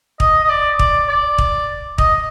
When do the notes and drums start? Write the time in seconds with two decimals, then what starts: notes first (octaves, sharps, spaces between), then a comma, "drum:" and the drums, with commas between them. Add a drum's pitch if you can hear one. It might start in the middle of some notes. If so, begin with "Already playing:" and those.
0.20 D#5, drum: kick
0.43 D#5
0.49 D5
0.79 D5, drum: kick
1.08 D5
1.38 drum: kick
1.98 D#5, drum: kick